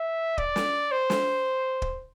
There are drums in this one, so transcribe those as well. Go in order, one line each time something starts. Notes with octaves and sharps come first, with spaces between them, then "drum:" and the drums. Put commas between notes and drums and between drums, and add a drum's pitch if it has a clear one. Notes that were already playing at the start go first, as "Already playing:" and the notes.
Already playing: E5
D5, drum: kick
drum: snare
C5
drum: snare
drum: kick